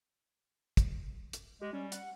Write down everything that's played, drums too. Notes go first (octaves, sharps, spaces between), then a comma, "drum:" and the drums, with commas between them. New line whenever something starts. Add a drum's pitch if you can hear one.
drum: kick, hi-hat
drum: hi-hat
G#3 G4
G3 C#4
F#5, drum: hi-hat